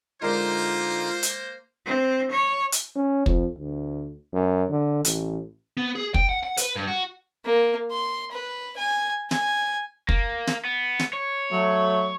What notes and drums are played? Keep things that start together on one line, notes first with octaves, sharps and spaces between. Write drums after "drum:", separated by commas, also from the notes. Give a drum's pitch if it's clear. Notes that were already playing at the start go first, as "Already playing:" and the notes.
D3 G#3 A#3 D#4 F4 A#4 C5 D5
drum: hi-hat
C4
C#5
drum: hi-hat
C#4
F2, drum: kick
D2
F#2
D3
A1, drum: hi-hat
B3
G#4
G5, drum: kick
F#5
F#5
B4, drum: hi-hat
G2
F#4
A#3
C6
B4
G#5
G#5, drum: snare
A#3, drum: kick
drum: snare
B3
drum: snare
C#5
F#3 A3